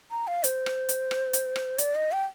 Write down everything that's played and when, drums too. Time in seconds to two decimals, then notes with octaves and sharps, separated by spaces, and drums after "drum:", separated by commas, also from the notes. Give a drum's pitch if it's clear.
0.11 A#5
0.27 F5
0.44 C5, drum: hi-hat
0.66 drum: rim click
0.89 drum: hi-hat
1.11 drum: rim click
1.33 drum: hi-hat
1.56 drum: rim click
1.78 D5, drum: hi-hat
1.95 D#5
2.12 G5